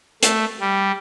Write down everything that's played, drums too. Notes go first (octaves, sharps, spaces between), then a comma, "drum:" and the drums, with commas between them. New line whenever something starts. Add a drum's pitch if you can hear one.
A3, drum: hi-hat
G3